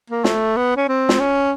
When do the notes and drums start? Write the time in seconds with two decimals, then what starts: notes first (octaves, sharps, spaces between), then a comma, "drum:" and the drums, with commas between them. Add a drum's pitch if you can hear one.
0.10 A#3
0.24 A3, drum: snare
0.56 B3
0.76 C#4
0.88 C4
1.09 drum: snare
1.19 C#4